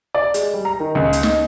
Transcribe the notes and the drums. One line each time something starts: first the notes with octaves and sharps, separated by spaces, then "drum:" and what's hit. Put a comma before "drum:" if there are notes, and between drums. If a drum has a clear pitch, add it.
D5
G#3, drum: hi-hat
G3
A#5
D#3
C#2
drum: hi-hat
D#4, drum: snare